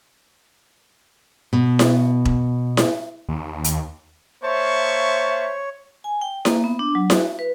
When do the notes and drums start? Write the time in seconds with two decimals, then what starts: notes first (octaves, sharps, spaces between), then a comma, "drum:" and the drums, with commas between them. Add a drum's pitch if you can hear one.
1.53 B2
1.79 drum: snare E4
2.25 drum: kick E1
2.77 drum: snare E4
3.29 D#2
3.64 drum: hi-hat
4.44 A#3 C5 C#5 E5 A5 C#6
6.04 G#5
6.21 G5
6.45 A#3, drum: snare E4
6.64 B3
6.79 D4
6.95 F#3
7.10 F#4, drum: snare E4
7.39 B4